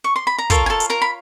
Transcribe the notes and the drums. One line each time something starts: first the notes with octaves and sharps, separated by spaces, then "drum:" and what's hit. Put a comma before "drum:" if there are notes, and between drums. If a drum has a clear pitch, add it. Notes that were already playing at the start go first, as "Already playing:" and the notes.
C#6
C6
B5
A#5
F4 A4 A#4 C#5 A5, drum: kick, hi-hat
G#5
A4 A5
drum: hi-hat
A#4 A#5
B5